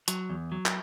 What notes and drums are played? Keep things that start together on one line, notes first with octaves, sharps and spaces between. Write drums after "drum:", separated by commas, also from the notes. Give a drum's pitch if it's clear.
F#3, drum: hi-hat
E2
F#3
drum: clap